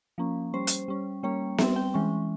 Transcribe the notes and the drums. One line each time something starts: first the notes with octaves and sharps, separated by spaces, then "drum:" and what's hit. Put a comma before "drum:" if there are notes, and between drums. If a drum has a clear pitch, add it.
F3 A#3 C#4
G3 C#4 C5
drum: hi-hat
G3 C#4
G3 A#3 C#4 C#5
G3 C4 E5, drum: snare B3
G5
E3 G#3 C#4